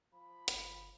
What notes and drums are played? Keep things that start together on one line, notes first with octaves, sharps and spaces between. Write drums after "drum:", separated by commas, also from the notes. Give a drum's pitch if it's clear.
F3 B5
G1, drum: hi-hat